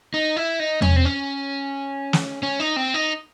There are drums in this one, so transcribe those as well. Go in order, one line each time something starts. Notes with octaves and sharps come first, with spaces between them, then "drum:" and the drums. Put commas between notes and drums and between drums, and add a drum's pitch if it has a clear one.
D#4
E4
D#4
C#4, drum: tom E2
C4
C#4
drum: snare
C#4
D#4
C4
D#4